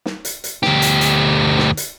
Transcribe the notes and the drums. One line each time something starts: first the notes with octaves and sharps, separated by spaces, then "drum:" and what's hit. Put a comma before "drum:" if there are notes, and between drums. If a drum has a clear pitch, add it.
drum: snare
drum: hi-hat
drum: hi-hat
D2 G4, drum: snare
drum: hi-hat
drum: hi-hat
drum: snare
drum: hi-hat